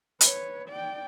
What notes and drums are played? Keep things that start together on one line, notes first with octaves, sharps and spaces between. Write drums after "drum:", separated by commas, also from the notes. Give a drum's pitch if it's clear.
B4 C#5, drum: hi-hat
D5 G5